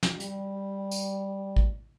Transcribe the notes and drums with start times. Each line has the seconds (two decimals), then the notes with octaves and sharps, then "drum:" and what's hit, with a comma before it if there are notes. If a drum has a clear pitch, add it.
0.03 drum: snare
0.20 G3, drum: hi-hat
0.91 drum: tambourine
1.56 drum: kick